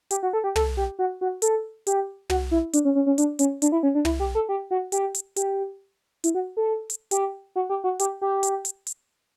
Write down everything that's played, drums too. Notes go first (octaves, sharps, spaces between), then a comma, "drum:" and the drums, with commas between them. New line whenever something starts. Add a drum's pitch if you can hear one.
G4, drum: hi-hat
F#4
A4
G4
A4, drum: tom
G4
F#4
F#4
A4, drum: hi-hat
G4, drum: hi-hat
F#4, drum: tom
E4
D4, drum: hi-hat
C#4
C#4
C#4
D4, drum: hi-hat
C#4, drum: hi-hat
D4, drum: hi-hat
E4
C#4
D4
E4, drum: tom
G4
A4
G4
F#4
G4, drum: hi-hat
drum: hi-hat
G4, drum: hi-hat
E4, drum: hi-hat
F#4
A4
drum: hi-hat
G4, drum: hi-hat
F#4
G4
F#4
G4, drum: hi-hat
G4
drum: hi-hat
drum: hi-hat
drum: hi-hat